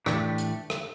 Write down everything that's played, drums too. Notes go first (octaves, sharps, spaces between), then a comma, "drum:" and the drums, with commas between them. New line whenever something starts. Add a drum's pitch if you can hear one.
A2 E3 A3 D4 G4, drum: rim click
drum: hi-hat
drum: rim click